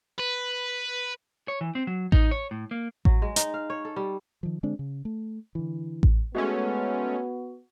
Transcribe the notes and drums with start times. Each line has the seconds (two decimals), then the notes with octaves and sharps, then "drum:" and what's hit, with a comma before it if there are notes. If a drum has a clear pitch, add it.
0.20 B4
1.48 C#5
1.61 E3
1.75 C4
1.87 F#3
2.12 D#4, drum: kick A1
2.31 C#5
2.51 A2
2.71 A#3
3.05 F#3, drum: kick A1
3.22 G#3
3.36 D#4, drum: hi-hat
3.54 F5
3.70 C#5
3.85 A4
3.96 G3
4.43 D#3 F3
4.63 D3 G#3 C4 D4
4.79 C#3
5.05 A3
5.55 D3 E3
6.03 drum: kick A1
6.35 G#3 A3 B3 C#4 F#4